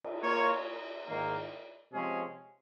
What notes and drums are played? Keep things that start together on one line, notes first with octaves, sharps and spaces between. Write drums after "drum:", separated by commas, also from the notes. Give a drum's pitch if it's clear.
drum: cymbal
A#3 F4 A#4 C#5
G#2 D#3 A#3
C3 F3 G#3 C#4 G#4